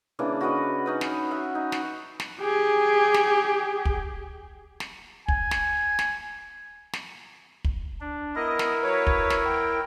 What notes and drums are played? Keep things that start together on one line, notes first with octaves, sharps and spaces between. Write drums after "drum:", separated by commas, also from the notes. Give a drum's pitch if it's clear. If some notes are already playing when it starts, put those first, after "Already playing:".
C#3 E3 A#3 D4
F#4 A#4 B4 D#5
C#4 D#4 B4
drum: snare
C#5 E5 F#5
D#4
drum: snare
drum: snare
G4 G#4
drum: snare
drum: kick
drum: snare
G#5, drum: kick
drum: snare
drum: snare
drum: snare
drum: kick
D4
B3 E4 A#4 D#5
drum: snare
F#3 B4 C#5
drum: kick
drum: snare
G5